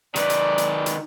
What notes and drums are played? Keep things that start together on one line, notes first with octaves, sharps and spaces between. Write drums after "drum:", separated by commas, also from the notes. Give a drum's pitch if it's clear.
D#3 B4 D5, drum: hi-hat
drum: hi-hat
drum: hi-hat
drum: hi-hat